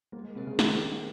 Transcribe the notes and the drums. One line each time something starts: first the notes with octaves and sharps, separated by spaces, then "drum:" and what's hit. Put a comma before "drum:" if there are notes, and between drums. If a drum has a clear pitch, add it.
G3 A#3
G#3
C3 C4 G4 A#4
C#3
D#3 G3, drum: snare
C4 G4 A#4